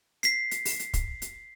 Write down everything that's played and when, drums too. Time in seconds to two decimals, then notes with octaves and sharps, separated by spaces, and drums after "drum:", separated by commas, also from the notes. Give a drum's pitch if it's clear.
0.23 B6 C7, drum: hi-hat
0.51 drum: hi-hat
0.65 drum: open hi-hat
0.79 drum: hi-hat
0.94 drum: kick, hi-hat
1.22 drum: hi-hat